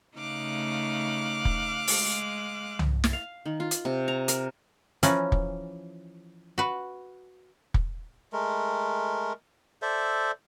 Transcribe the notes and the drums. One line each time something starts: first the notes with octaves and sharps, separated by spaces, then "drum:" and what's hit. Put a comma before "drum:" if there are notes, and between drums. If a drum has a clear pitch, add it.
C#3 A3 D#4 F5 D6 F#6
drum: kick
G#3, drum: open hi-hat
drum: tom C2
drum: snare
F5
D#3
F4
drum: hi-hat
C3
A#5
A#4, drum: hi-hat
E3 F3 C#4 A#4 B4, drum: hi-hat
drum: kick
F#4 B4
drum: kick
G#3 A3 A#4
A4 C5 D5 E5